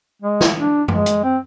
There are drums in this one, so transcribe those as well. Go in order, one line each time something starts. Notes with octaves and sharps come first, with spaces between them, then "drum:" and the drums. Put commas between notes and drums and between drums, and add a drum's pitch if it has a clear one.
G#3
drum: snare
D4
G#3, drum: tom F#2
drum: hi-hat
C4